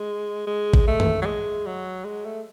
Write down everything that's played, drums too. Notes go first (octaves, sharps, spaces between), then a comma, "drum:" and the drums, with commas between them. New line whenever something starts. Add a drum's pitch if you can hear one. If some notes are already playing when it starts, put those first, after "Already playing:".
Already playing: G#3
G#3
drum: kick A1
A3
drum: tom F#2
F#3
G#3
F#3
G#3
A3